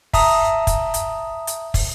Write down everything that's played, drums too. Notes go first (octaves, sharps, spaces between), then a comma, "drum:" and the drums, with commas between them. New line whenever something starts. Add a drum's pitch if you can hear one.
E5 A5 A#5 D#6, drum: kick, open hi-hat
drum: kick, hi-hat
drum: hi-hat
drum: hi-hat
drum: kick, open hi-hat